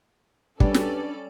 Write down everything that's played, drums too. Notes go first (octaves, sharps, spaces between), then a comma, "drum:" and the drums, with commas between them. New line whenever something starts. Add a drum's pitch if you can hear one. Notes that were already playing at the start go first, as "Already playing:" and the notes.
G3 B3 C#4 D4 G4 A4 D5, drum: kick
drum: snare